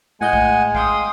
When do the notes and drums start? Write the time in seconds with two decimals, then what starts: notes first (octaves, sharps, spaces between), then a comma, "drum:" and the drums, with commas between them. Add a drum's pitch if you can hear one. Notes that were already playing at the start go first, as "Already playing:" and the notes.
0.21 A2 G#3 D#5 F#5 G#5 G6
0.33 drum: kick
0.75 F5 G5 C6 D#6, drum: kick